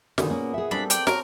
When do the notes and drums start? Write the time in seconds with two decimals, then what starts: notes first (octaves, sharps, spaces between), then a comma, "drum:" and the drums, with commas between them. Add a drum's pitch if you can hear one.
0.18 A#2 D3 D#3 B3 G#4, drum: snare
0.30 A#3 C#4 F#5 G#5
0.54 G#4 E5
0.71 G3 C4 D4 A4 B5
0.90 D5 G5, drum: hi-hat
1.07 A#4 C#5, drum: snare